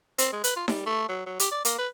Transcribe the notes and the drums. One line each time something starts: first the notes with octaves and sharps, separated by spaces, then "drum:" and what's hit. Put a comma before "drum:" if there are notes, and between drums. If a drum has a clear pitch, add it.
C4, drum: hi-hat
G#3
B4, drum: hi-hat
F4
G3, drum: snare D#4
A3
F#3
F#3
G4, drum: hi-hat
D5
A#3, drum: hi-hat
B4